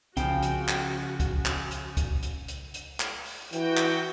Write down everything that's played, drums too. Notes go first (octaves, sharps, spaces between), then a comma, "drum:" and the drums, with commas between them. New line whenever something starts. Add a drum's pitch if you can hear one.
C2 C#3 F3 F#4 G5, drum: hi-hat
drum: hi-hat
drum: clap
drum: kick C#2, hi-hat
drum: clap
drum: hi-hat
drum: kick C#2, hi-hat
drum: hi-hat
drum: hi-hat
drum: hi-hat
drum: clap
drum: open hi-hat
E3 F#4 G5, drum: hi-hat
drum: clap